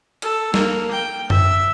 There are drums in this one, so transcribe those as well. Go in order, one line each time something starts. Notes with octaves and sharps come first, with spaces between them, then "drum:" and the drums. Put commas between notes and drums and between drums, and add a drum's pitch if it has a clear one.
A4, drum: hi-hat
A#3, drum: snare
G5
E5, drum: tom F#2